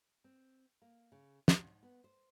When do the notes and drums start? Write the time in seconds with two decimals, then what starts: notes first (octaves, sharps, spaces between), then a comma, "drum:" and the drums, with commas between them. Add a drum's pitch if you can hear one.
0.24 C4
0.82 A#3
1.12 C#3
1.48 G#2, drum: snare
1.83 B3
2.04 C5